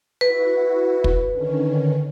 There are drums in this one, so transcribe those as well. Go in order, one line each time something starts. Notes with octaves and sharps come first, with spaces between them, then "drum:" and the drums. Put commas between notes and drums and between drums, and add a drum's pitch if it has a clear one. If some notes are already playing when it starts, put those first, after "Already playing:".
E4 F#4 B4
drum: kick
D3 D#3 C#4